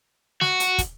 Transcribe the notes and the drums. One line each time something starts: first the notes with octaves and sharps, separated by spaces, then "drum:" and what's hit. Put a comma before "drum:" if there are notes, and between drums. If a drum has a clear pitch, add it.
F#4, drum: snare
drum: hi-hat
drum: kick, hi-hat